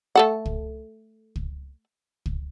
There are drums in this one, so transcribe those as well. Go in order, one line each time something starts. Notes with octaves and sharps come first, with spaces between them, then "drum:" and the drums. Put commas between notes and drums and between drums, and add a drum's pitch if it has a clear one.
A3 A4 F#5
drum: kick
drum: kick
drum: kick